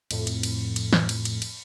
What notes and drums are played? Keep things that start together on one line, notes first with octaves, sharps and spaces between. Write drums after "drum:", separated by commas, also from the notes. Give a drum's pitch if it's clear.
F2 A2, drum: cymbal
drum: cymbal
drum: cymbal
drum: cymbal
drum: snare
drum: cymbal
drum: cymbal
drum: cymbal